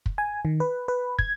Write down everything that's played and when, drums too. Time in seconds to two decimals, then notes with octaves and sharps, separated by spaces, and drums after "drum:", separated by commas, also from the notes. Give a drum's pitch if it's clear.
0.06 drum: kick
0.18 G#5
0.45 D#3
0.60 B4
0.88 B4
1.19 G#6, drum: kick